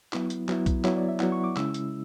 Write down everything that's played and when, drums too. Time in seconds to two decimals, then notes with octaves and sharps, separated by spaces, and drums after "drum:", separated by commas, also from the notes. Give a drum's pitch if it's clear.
0.13 F#3 B3 E4, drum: clap
0.30 drum: hi-hat
0.49 F#3 B3 E4, drum: clap
0.66 drum: kick B1, hi-hat
0.84 F#3 B3 E4 C#5, drum: clap
0.96 D5
1.09 E5
1.20 F#3 B3 E4 F#5, drum: clap
1.32 C#6
1.44 D6
1.56 C#3 G#3 C#4 E4 E6, drum: clap
1.74 drum: hi-hat